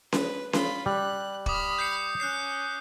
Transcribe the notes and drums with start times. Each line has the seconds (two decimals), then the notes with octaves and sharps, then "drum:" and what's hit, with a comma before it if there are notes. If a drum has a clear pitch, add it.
0.12 B4, drum: snare C#4
0.53 F4 B5, drum: snare C#4
0.86 G3 F#6
1.46 B5 D6 D#6 F6, drum: kick
1.78 G6 C7 C#7
2.20 C#4 F#6 G6 C7